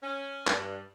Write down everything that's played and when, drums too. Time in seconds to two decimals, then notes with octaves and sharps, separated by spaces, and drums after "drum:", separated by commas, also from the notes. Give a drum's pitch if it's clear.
0.03 C#4
0.47 G2, drum: clap